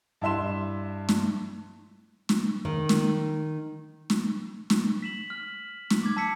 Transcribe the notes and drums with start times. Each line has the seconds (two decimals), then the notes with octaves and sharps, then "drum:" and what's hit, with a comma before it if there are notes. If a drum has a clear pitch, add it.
0.21 G2 E4 E5 C6 E7
1.09 drum: snare
2.29 drum: snare
2.65 D#3
2.89 drum: snare
4.10 drum: snare
4.70 drum: snare
5.02 B6 E7 F#7
5.30 F6
5.90 drum: snare
6.03 D6 G#6
6.17 A5 E6 B6 C#7